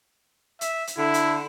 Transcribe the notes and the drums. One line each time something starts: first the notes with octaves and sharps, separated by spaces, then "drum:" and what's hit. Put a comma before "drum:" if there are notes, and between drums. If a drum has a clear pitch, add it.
E5, drum: hi-hat
drum: hi-hat
D3 E4
drum: hi-hat